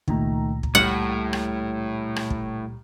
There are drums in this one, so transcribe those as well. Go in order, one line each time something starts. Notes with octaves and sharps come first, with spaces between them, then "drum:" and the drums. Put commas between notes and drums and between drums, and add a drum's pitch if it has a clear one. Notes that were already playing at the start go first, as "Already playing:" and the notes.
C#2 A#2 D#3 A3 A#5, drum: kick
drum: kick
A2 G3 F#5 F6
drum: rim click
drum: rim click
drum: kick